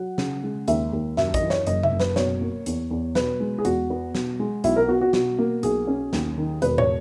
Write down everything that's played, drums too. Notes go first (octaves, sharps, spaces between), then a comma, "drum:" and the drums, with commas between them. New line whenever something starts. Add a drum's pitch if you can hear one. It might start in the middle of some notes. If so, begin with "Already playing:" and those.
Already playing: F#3 F#5
C#3, drum: snare
G#3
D#2 E5, drum: hi-hat
D#2
F#2 E5, drum: snare
D#5, drum: kick, hi-hat
E3
C#5, drum: snare
F#1 D#5, drum: hi-hat
E5, drum: tom C3
F#1
B4, drum: snare
B2 C#5, drum: snare
A#3
E2, drum: hi-hat
E2
B2 B4, drum: snare
G#3
G#4
E2 F#4, drum: hi-hat
B3
B2, drum: snare
G#3
B1 E4, drum: hi-hat
A#4
B3 F#4
F#4
B2 F#4, drum: snare
A#3
B1 G#4, drum: hi-hat
C#4
D#2, drum: snare
D#3
E1 B4, drum: hi-hat
C#5, drum: tom